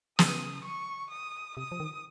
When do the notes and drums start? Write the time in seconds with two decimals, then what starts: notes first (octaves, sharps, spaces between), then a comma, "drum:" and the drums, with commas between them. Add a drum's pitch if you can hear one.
0.19 C#3 D#6, drum: snare
0.64 C#6
1.10 D#6
1.57 C3 D#6
1.72 F3
1.80 D#3